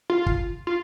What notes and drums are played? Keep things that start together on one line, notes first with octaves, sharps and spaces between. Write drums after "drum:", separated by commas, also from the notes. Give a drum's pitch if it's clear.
F4
drum: kick
F4